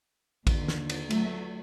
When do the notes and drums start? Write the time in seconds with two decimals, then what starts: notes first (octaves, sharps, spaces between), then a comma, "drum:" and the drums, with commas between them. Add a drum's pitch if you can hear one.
0.47 D#2 D3, drum: kick A1, cymbal
0.68 drum: snare
0.90 drum: cymbal
1.10 F#3 A3, drum: cymbal